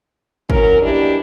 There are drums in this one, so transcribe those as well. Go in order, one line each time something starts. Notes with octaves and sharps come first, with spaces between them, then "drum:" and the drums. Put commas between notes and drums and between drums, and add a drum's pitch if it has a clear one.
E3 F#3 C#4 A#4, drum: kick
B2 G3 G#3 D4 E4 G4